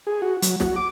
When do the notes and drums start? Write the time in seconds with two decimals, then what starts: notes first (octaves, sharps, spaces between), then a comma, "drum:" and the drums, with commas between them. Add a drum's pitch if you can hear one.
0.07 G#4
0.22 F#4
0.42 F#3, drum: hi-hat
0.60 F#4, drum: snare
0.76 D6